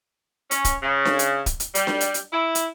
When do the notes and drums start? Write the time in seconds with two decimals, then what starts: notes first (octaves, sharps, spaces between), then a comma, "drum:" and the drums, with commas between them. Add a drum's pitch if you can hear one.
0.51 C#4, drum: hi-hat
0.65 drum: kick, hi-hat
0.83 C#3
1.05 drum: snare D4
1.19 drum: hi-hat
1.46 drum: kick, hi-hat
1.60 drum: hi-hat
1.75 G3, drum: hi-hat
1.87 drum: snare D4
2.01 drum: hi-hat
2.14 drum: hi-hat
2.33 E4
2.55 drum: hi-hat